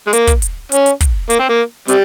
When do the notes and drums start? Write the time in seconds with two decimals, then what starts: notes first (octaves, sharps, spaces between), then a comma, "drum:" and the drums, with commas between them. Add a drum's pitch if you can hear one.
0.07 G#3
0.13 A#3, drum: hi-hat
0.27 drum: kick, hi-hat
0.42 drum: hi-hat
0.72 C#4, drum: hi-hat
0.86 drum: hi-hat
1.01 drum: kick, hi-hat
1.30 A#3, drum: hi-hat
1.40 C4
1.49 A#3
1.88 C3 G3, drum: hi-hat